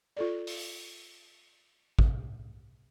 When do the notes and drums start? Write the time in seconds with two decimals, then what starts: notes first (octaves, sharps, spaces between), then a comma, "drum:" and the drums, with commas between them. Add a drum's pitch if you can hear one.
0.17 F4 A4 D5
0.47 drum: open hi-hat
1.99 drum: kick G#1